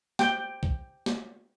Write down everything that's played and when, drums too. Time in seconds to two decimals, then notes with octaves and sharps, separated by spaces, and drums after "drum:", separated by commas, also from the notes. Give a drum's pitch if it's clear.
0.19 G5, drum: snare
0.63 drum: kick
1.06 drum: snare